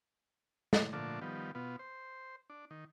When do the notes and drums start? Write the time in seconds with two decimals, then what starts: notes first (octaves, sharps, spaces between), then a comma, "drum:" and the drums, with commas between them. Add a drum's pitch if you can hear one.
0.73 drum: snare
0.93 A#2 D3 F3 A3 D4
1.22 D#3 F3 G3 B3
1.55 B2 B3 F4
1.79 C5
2.50 D4
2.71 D#3